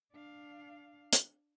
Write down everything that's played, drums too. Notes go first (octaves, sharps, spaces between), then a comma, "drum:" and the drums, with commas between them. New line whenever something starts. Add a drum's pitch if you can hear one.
D4 F5
drum: hi-hat